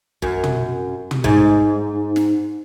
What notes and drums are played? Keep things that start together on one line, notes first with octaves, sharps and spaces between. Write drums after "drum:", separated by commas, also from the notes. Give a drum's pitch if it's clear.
F#2, drum: kick
drum: tom
drum: tom
G#2, drum: kick
drum: snare